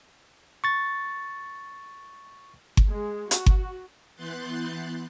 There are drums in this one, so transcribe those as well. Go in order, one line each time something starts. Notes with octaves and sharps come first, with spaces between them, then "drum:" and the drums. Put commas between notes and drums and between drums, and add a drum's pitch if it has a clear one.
C#6 A6
drum: kick G1
G#3
F#4, drum: hi-hat
drum: kick G1
E3 B3 C6 F#6 G6 A6